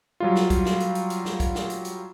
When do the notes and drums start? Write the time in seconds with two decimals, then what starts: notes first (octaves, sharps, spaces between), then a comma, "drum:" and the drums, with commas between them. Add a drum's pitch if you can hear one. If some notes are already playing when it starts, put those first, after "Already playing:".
0.20 F#3 G3 F4
0.35 drum: snare
0.50 drum: kick, hi-hat
0.65 drum: snare
0.80 drum: hi-hat
0.95 drum: hi-hat
1.10 drum: hi-hat
1.25 drum: snare
1.40 drum: kick, hi-hat
1.55 drum: snare
1.70 drum: hi-hat
1.85 drum: hi-hat